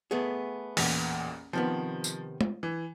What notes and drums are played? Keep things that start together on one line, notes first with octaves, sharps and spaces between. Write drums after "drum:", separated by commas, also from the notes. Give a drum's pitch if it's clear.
A3 B3 G#4
A1 E2 A#2, drum: open hi-hat
C3 D#3 F3 B3
drum: tambourine
drum: tom G#3
E3